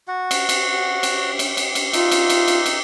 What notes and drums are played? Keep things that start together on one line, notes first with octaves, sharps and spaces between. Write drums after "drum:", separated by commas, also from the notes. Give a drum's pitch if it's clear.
F#4 F#5
drum: cymbal
drum: cymbal
drum: cymbal
drum: cymbal
drum: cymbal
drum: cymbal
D#4 F4 E5, drum: cymbal
drum: cymbal
drum: cymbal
drum: cymbal
drum: cymbal